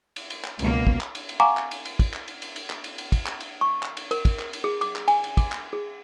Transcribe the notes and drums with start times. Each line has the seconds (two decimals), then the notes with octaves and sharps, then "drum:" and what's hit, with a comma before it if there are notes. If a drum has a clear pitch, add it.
0.16 drum: cymbal
0.30 drum: cymbal
0.44 drum: clap
0.59 C#2 B2 A#3, drum: cymbal
0.87 drum: kick
1.01 drum: clap
1.15 drum: cymbal
1.29 drum: cymbal
1.40 F5 F#5 G#5 A#5 C#6 D6
1.57 drum: clap
1.71 drum: cymbal
1.85 drum: cymbal
1.99 drum: kick, cymbal
2.14 drum: clap
2.28 drum: cymbal
2.42 drum: cymbal
2.56 drum: cymbal
2.70 drum: clap
2.84 drum: cymbal
2.98 drum: cymbal
3.12 drum: kick, cymbal
3.26 drum: clap
3.40 drum: cymbal
3.61 C#6
3.83 drum: clap
3.97 drum: cymbal
4.11 A#4, drum: cymbal
4.25 drum: kick, cymbal
4.39 drum: clap
4.53 drum: cymbal
4.64 G#4
4.81 D6, drum: cymbal
4.96 drum: clap
5.08 G#5, drum: cymbal
5.24 drum: cymbal
5.37 D6, drum: kick, cymbal
5.52 drum: clap
5.73 G#4